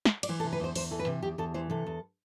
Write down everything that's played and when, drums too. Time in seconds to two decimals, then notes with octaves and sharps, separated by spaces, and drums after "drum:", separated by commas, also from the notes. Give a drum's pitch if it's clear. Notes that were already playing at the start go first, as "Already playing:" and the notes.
0.05 drum: snare
0.23 D5, drum: cymbal
0.29 E3 C5
0.40 A4
0.44 C3
0.53 B4
0.60 E2 C5
0.76 E2 C5, drum: open hi-hat
0.91 E3 A4
0.99 B4
1.07 C3
1.22 E2 G4
1.38 E2 A4
1.54 E3 C5
1.70 C3 A4
1.87 E2